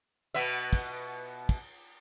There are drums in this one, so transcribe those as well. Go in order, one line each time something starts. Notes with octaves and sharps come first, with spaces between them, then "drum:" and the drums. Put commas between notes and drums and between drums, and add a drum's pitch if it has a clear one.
B2 B3 E5
drum: kick, cymbal
drum: kick, cymbal